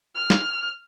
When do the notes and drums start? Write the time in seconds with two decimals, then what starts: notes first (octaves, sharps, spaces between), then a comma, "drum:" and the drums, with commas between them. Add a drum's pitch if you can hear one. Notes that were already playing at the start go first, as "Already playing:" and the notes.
0.15 F6
0.30 drum: snare